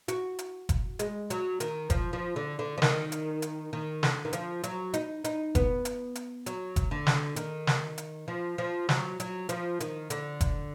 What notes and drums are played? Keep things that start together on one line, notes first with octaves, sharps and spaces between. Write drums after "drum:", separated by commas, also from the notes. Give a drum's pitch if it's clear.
F#4, drum: hi-hat
drum: hi-hat
drum: kick F#1, hi-hat
G#3, drum: hi-hat
F#3, drum: hi-hat
D#3, drum: hi-hat
F3, drum: kick F#1, hi-hat
F3
D3
D3
F3
D#3, drum: snare
drum: hi-hat
drum: hi-hat
D#3
D3, drum: snare
D#3
F3, drum: hi-hat
F#3, drum: hi-hat
D#4, drum: hi-hat
D#4, drum: hi-hat
B3, drum: kick F#1, hi-hat
drum: hi-hat
drum: hi-hat
F#3, drum: hi-hat
drum: kick F#1, hi-hat
D3
drum: snare
D#3, drum: hi-hat
drum: snare
drum: hi-hat
F3
F3
F#3, drum: snare
F#3, drum: hi-hat
F3, drum: hi-hat
D#3, drum: hi-hat
D3, drum: hi-hat
drum: kick F#1, hi-hat